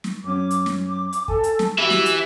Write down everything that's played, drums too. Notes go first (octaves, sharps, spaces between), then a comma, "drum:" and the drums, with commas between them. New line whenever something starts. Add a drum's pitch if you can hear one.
drum: snare
F#2 C#4 D6
drum: hi-hat
drum: snare
D6
drum: hi-hat
A4 G#5, drum: kick
drum: hi-hat
drum: snare
E3 F#4 G4 E5
drum: snare
drum: hi-hat